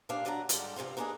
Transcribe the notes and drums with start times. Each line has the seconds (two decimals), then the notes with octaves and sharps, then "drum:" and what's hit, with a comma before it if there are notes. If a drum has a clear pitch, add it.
0.09 D#2 A#2 A#3 D4 F5
0.25 D#2 F#3 D4 F#5 A5 A#5
0.49 G#2 D3 G3 D4 F4, drum: hi-hat
0.76 G2 C3 D#3 F3 F4
0.97 A#3 D4 D#4 F4 G#4 B4